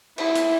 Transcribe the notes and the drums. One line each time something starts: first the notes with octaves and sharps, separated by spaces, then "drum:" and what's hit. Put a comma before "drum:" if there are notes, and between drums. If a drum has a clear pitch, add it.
E4, drum: cymbal
drum: hi-hat